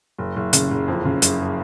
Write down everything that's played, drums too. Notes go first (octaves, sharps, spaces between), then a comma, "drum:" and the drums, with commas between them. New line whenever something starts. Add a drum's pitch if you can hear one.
F#1
F#1
C#3, drum: hi-hat
F#1
F2
C#3
F#1, drum: hi-hat